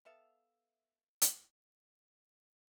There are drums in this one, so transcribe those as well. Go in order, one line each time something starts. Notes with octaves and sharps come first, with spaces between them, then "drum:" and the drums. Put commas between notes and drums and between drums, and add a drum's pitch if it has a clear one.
B3 A4 E5 F5
drum: hi-hat